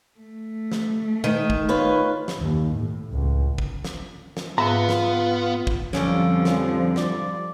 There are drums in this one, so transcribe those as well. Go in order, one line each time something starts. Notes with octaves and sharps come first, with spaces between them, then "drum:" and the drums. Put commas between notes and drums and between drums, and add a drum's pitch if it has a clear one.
A3
drum: snare
D#3
drum: kick
F4 B4 C#5
drum: snare
D#2
A2
C#2
drum: kick
drum: snare
drum: snare
G#2 B3 F4 B4 E5 A#5
drum: snare
drum: kick
F2 D3 F3 G3 C#4, drum: snare
drum: snare
D5, drum: snare